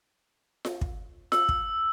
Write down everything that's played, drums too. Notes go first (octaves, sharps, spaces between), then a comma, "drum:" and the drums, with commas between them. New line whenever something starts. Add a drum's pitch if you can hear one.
drum: snare F4
drum: kick
E6, drum: snare F4
drum: kick